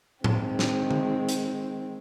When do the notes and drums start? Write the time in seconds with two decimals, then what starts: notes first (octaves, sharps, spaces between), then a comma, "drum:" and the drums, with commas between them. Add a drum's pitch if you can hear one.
0.24 D#3 G#3 C4, drum: tom A2
0.59 drum: snare
0.91 drum: tom D3
1.29 drum: hi-hat